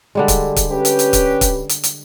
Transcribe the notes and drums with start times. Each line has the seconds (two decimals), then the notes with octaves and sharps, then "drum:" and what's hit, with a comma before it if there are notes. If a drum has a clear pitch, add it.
0.15 D3 G3 G#3
0.28 drum: kick, hi-hat
0.56 drum: kick, hi-hat
0.71 C#4 G4 B4
0.85 drum: hi-hat
0.99 drum: hi-hat
1.13 drum: kick, hi-hat
1.41 drum: kick, hi-hat
1.69 drum: hi-hat
1.84 drum: hi-hat